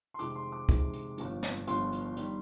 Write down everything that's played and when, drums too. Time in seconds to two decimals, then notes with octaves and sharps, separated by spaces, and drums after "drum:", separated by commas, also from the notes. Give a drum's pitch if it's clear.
0.14 C6
0.19 F2 C3 D#3 G#3 C4 D6, drum: hi-hat
0.35 C6
0.52 D6
0.69 F2 C3 D#3 G#3 C4, drum: kick, hi-hat
0.93 drum: hi-hat
1.18 G1 G2 F3, drum: hi-hat
1.43 drum: snare
1.67 G1 G2 F3 C6, drum: hi-hat
1.92 drum: hi-hat
2.17 D#3 G3, drum: hi-hat